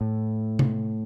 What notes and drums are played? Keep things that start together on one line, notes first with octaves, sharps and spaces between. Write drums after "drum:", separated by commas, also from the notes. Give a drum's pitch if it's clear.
A2
drum: tom C3